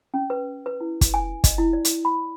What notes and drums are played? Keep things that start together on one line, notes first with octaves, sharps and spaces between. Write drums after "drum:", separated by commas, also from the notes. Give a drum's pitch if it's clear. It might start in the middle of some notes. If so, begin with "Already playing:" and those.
C#4
B4
B4
E4
drum: kick, hi-hat
G#5
D#5, drum: kick, hi-hat
E4
D5
drum: hi-hat
B5